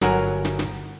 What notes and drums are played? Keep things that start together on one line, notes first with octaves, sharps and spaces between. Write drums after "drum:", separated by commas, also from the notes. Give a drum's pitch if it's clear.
G1 F#3 A#4 F#5 G#5 A#5, drum: snare
drum: snare
drum: snare